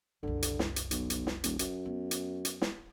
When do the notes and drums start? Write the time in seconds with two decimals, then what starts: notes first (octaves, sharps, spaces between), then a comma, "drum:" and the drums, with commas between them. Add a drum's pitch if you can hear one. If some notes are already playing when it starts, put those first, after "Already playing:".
0.23 F#1 C2 D3
0.42 drum: hi-hat
0.59 drum: snare
0.76 drum: hi-hat
0.91 B1, drum: hi-hat
1.10 drum: hi-hat
1.27 drum: snare
1.44 D#1, drum: hi-hat
1.59 F#2, drum: hi-hat
1.86 B3
2.11 drum: hi-hat
2.45 drum: hi-hat
2.62 drum: snare